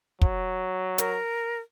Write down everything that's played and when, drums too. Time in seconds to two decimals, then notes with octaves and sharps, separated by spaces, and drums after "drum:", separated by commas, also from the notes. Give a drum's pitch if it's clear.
0.22 F#3, drum: kick
0.98 A#4, drum: hi-hat